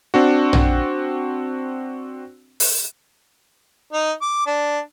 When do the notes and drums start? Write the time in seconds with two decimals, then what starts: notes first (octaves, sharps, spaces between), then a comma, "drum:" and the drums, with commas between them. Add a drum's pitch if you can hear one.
0.14 C4 D4 F#4
0.53 drum: tom A#1
2.60 drum: open hi-hat
3.93 D#4
4.21 D6
4.46 D4